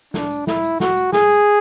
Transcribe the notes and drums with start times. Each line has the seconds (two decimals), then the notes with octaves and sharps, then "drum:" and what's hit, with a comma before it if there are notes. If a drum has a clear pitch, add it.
0.14 D4, drum: snare
0.31 drum: tambourine
0.47 E4, drum: snare
0.64 drum: tambourine
0.80 F#4, drum: snare
0.97 drum: tambourine
1.13 G#4, drum: snare
1.29 drum: tambourine